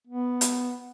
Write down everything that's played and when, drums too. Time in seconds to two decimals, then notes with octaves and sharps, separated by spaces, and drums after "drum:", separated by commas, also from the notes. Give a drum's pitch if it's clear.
0.07 B3
0.41 drum: hi-hat